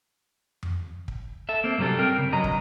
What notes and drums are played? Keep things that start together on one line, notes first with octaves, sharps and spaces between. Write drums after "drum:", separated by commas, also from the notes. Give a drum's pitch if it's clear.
drum: tom F2
drum: kick
A4 E5
A#3 C4
G2 C3 F#3 G3 A4
C4 A#4 G5
C#3
G2 F#3 D#5 A#5
drum: kick